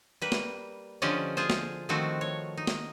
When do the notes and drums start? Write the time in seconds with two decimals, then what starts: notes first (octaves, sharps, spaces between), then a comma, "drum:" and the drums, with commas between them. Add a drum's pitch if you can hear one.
0.22 G3 A#3 B4
0.32 drum: snare
1.02 D3 F3 C#4 G4 D5 D#5
1.37 F4 G#4 C5
1.50 drum: snare
1.89 D#3 F3 A3 C4 F#4
2.21 C#5
2.57 D#4
2.67 drum: snare